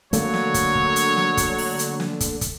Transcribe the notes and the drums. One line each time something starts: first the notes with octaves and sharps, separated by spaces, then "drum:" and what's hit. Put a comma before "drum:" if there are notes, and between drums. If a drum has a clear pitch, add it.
D3 F#3 A3 A#3 C#5, drum: hi-hat
drum: snare
drum: kick, hi-hat
drum: kick
drum: hi-hat
drum: snare
drum: kick, hi-hat
drum: open hi-hat
drum: hi-hat
drum: snare
drum: kick, hi-hat
drum: kick, hi-hat